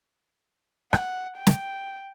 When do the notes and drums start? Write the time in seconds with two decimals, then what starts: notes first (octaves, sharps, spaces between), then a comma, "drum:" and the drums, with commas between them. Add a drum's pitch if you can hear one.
0.93 F#5, drum: rim click
1.36 G5
1.47 drum: snare